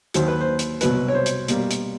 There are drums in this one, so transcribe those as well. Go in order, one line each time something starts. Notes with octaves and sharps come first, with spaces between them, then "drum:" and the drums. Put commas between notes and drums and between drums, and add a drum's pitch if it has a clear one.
D#2 D#3 F#3 C5, drum: hi-hat
B4
C5
drum: hi-hat
C2 B2 F#3 B3 B4, drum: hi-hat
C#5
C5
drum: hi-hat
B2 G3 A#3, drum: hi-hat
drum: hi-hat